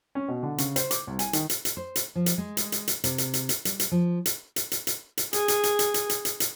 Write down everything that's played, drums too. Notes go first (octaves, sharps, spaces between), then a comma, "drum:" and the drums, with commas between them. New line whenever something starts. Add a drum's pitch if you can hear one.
C#4
B2
D3
C#3, drum: hi-hat
C5, drum: hi-hat
D6, drum: hi-hat
C2
G#5, drum: hi-hat
D#3, drum: hi-hat
drum: hi-hat
drum: hi-hat
C5
drum: hi-hat
F3
drum: hi-hat
G#3
drum: hi-hat
drum: hi-hat
drum: hi-hat
C3, drum: hi-hat
drum: hi-hat
drum: hi-hat
drum: hi-hat
G3, drum: hi-hat
drum: hi-hat
F3
drum: hi-hat
drum: hi-hat
drum: hi-hat
drum: hi-hat
drum: hi-hat
G#4, drum: hi-hat
drum: hi-hat
drum: hi-hat
drum: hi-hat
drum: hi-hat
drum: hi-hat
drum: hi-hat
drum: hi-hat